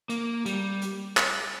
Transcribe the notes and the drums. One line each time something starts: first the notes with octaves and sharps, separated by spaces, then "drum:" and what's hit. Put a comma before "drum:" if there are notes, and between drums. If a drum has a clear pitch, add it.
A#3, drum: hi-hat
G3, drum: hi-hat
drum: hi-hat
drum: clap